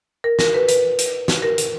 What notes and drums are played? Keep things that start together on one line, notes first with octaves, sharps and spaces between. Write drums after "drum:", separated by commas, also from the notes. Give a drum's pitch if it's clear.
A#4
A#4, drum: snare
B4
B4, drum: hi-hat
drum: hi-hat
drum: snare
A#4
drum: hi-hat